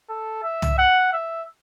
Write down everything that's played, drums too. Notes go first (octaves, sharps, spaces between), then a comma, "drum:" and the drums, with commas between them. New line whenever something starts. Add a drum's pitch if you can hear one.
A4
E5
drum: tom
F#5
E5